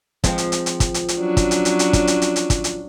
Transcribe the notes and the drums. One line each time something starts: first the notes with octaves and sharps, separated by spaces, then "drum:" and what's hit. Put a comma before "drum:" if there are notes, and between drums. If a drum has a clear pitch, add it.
F3 G#3 C4, drum: kick, hi-hat
drum: hi-hat
drum: hi-hat
drum: hi-hat
drum: kick, hi-hat
drum: hi-hat
drum: hi-hat
F#3 C#4 D4
drum: kick, hi-hat
drum: hi-hat
drum: hi-hat
drum: hi-hat
drum: kick, hi-hat
drum: hi-hat
drum: hi-hat
drum: hi-hat
drum: kick, hi-hat
drum: hi-hat